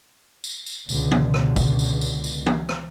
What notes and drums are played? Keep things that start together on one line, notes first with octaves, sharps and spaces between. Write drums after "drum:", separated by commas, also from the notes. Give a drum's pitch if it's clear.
drum: tambourine
drum: tambourine
C#2 B2 D3, drum: tambourine
drum: tom E3
drum: rim click
drum: kick, tambourine
drum: tambourine
drum: tambourine
drum: tambourine
drum: tom E3
drum: rim click